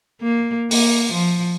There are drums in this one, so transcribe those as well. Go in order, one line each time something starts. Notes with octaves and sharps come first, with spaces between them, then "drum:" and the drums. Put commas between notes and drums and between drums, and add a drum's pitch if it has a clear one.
A#3
A#3, drum: open hi-hat
F3